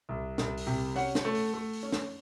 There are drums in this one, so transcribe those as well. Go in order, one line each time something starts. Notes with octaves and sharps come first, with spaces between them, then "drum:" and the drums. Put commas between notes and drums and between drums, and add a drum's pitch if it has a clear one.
C2
C2, drum: snare
drum: open hi-hat
C3
C#4 F#5, drum: open hi-hat
drum: snare
A3
drum: open hi-hat
A3
drum: open hi-hat
C#4
drum: snare